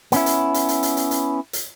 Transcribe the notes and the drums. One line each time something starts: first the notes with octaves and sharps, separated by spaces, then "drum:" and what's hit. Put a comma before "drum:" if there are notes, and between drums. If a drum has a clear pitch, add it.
B3 C#4 E4, drum: hi-hat
drum: hi-hat
drum: hi-hat
drum: hi-hat
drum: hi-hat
drum: hi-hat
drum: hi-hat
drum: hi-hat